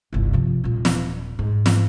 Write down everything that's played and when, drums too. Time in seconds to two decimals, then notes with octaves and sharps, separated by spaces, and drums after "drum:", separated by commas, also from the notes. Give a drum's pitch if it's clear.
0.13 G1 C2
0.33 C3 F3
0.64 D#1 A#2
0.85 drum: snare
1.39 G#2
1.66 drum: snare